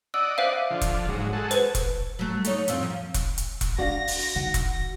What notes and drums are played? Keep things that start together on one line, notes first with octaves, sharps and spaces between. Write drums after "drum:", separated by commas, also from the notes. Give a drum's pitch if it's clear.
D5 D#5 F#5 E6
C5 E5 F5
D3 F3
drum: kick E1, hi-hat
G#2 F#3
G#3 F#4 A4
B4 C5, drum: hi-hat
drum: kick E1, hi-hat
F#3 A3
A3 D#4 C#5, drum: hi-hat
F2 C4 F4, drum: hi-hat
F3
drum: kick E1, hi-hat
drum: hi-hat
drum: kick E1, hi-hat
D4 F#4 D5 F5 A#6
drum: open hi-hat
D#3 F#5
drum: kick E1, hi-hat